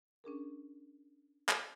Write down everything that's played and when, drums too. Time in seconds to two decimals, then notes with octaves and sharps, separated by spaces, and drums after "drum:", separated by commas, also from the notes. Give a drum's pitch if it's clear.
0.24 C#4 D4 G#4 A#4
1.49 drum: clap